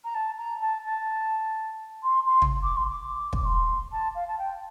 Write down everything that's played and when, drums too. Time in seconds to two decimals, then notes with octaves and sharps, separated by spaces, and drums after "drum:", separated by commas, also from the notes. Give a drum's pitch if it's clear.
0.04 A#5
0.14 A5
0.38 A#5
0.61 A5
0.84 A5
2.03 C6
2.26 C6
2.42 drum: tom
2.63 D6
2.76 C6
2.89 D6
3.33 D6, drum: kick
3.44 C6
3.91 A5
4.15 F5
4.27 A5
4.38 G5